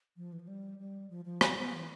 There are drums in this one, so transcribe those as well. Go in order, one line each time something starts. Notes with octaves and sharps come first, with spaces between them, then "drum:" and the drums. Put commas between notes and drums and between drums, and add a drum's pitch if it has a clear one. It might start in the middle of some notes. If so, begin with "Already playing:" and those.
F3
E3
F3
G3
G3
F3
F3
B3, drum: rim click
B3
E3